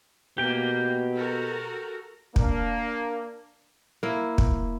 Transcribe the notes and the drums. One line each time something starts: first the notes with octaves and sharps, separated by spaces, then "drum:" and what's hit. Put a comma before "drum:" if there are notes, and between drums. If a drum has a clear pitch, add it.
B2 A#3 G4 G5
F#4 A4 A#4
A#3 D4, drum: kick
A#3 E4
drum: kick